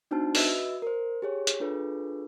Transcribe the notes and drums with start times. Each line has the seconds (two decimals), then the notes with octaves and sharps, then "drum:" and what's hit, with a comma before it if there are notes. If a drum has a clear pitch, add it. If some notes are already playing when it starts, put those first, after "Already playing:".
0.11 B3 D4 D#4 F#4 C5 A5
0.35 F#4 B4 D#5 E5 E6, drum: open hi-hat
0.82 A#4 C5
1.22 G4 G#4 C#5
1.47 drum: hi-hat
1.60 D4 F4 G#4 A4 B4